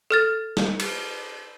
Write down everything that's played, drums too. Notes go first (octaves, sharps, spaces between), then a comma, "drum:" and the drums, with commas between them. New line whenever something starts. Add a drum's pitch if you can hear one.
A4 F6 A6
drum: snare
drum: cymbal